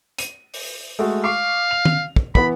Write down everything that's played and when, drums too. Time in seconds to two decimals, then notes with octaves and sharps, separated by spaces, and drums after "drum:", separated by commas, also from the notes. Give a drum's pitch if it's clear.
0.18 D#7, drum: hi-hat
0.54 drum: open hi-hat
0.99 G#3 A3 F#4
1.24 F5 C#6 D6 C7
1.71 F7
1.85 drum: tom D#3
2.16 drum: kick
2.35 E3 B3 B5, drum: kick